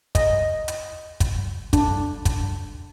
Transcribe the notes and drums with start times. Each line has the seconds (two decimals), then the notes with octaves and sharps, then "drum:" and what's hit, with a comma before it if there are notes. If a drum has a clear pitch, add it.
0.15 D#5, drum: kick, hi-hat
0.68 drum: hi-hat
1.20 drum: kick, hi-hat
1.73 D4, drum: kick, hi-hat
2.25 drum: kick, hi-hat